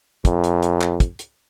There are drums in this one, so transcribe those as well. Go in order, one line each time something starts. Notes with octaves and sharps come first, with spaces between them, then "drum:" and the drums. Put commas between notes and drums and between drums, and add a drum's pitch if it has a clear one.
F2, drum: kick, hi-hat
drum: hi-hat
drum: hi-hat
drum: clap
drum: kick, hi-hat
drum: hi-hat